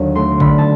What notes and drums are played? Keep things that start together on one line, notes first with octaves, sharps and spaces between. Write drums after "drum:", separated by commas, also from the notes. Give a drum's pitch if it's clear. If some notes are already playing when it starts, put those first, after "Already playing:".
Already playing: D#2 D3 F#3
A3 C6
D3 B5, drum: kick
A5